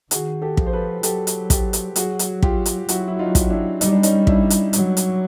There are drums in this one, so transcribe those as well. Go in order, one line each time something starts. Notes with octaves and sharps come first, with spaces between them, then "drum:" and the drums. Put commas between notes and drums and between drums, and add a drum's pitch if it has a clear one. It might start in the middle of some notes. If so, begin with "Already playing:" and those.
D#3 F#4 G#4, drum: hi-hat
G4 A4
F3, drum: kick
C5
A4 B4
F#3 G4 A4, drum: hi-hat
drum: hi-hat
G4 A4, drum: kick, hi-hat
drum: hi-hat
F#3 F#4 G#4, drum: hi-hat
drum: hi-hat
F4 G4, drum: kick
drum: hi-hat
F#3 E4 F#4, drum: hi-hat
E4
D#4 F4
drum: kick, hi-hat
D4 E4
G3 D#4, drum: hi-hat
D4
C#4 D#4, drum: hi-hat
D4 E4, drum: kick
drum: hi-hat
F#3, drum: hi-hat
drum: hi-hat